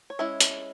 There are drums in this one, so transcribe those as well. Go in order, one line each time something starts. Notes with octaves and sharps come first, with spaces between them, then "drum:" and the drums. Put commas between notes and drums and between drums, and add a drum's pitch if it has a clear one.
C#5
G#3 C#4 E4 E5
drum: hi-hat